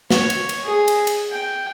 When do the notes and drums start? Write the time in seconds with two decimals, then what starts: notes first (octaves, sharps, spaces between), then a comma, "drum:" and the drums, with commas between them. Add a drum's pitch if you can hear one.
0.11 C#5, drum: snare
0.30 drum: cymbal
0.49 drum: cymbal
0.64 G#4
0.88 drum: cymbal
1.07 drum: cymbal
1.31 G5